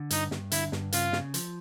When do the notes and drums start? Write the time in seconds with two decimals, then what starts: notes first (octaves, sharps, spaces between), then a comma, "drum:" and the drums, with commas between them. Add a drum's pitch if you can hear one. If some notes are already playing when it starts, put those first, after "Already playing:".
Already playing: D3
0.10 G2 D#4, drum: hi-hat
0.31 G2, drum: snare
0.52 D3 E4, drum: hi-hat
0.72 G2, drum: snare
0.92 C#3 F4, drum: hi-hat
1.13 C#3, drum: snare
1.34 F3, drum: hi-hat